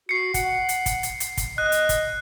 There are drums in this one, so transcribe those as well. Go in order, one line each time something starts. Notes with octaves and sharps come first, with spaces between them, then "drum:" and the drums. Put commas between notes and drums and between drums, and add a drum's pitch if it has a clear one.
F#4 C7 C#7
F#5, drum: kick, hi-hat
drum: hi-hat
drum: kick, hi-hat
drum: hi-hat
drum: hi-hat
drum: kick, hi-hat
D#5 F#6
drum: hi-hat
drum: kick, hi-hat